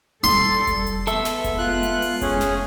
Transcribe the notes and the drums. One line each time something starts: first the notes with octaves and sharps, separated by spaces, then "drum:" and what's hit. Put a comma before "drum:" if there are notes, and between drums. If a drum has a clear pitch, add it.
G3 A4 C6
drum: kick F1, hi-hat
drum: hi-hat
G#3 B3 A4 E5, drum: hi-hat
drum: snare
drum: kick F1, hi-hat
F4 F#6
drum: hi-hat
drum: open hi-hat
C#4 G#4, drum: kick F1, hi-hat
drum: snare